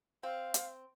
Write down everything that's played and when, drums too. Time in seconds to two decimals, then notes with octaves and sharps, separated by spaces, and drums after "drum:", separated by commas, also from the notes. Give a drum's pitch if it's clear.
0.23 C4 F5
0.54 drum: hi-hat